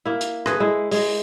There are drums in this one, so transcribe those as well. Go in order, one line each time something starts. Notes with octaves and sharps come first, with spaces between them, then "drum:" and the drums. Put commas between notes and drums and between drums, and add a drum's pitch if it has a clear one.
A#3 E4
drum: hi-hat
G#4 A4 B4 E5, drum: rim click
G#3 E4
G#3, drum: open hi-hat